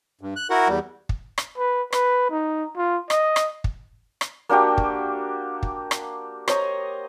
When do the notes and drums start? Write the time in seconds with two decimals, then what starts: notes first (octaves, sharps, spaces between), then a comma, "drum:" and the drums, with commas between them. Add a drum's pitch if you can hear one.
0.21 G2
0.36 F#6
0.50 E4 F#4 A#4 F#5
0.68 E2 G3
1.09 drum: kick
1.38 drum: rim click
1.58 B4
1.93 B4, drum: rim click
2.30 D#4
2.76 F4
3.10 D#5, drum: rim click
3.36 drum: rim click
3.64 drum: kick
4.21 drum: rim click
4.49 A#3 D4 F#4 G4
4.78 drum: kick
5.63 drum: kick
5.91 drum: rim click
6.48 C5 C#5 D#5 A#5, drum: rim click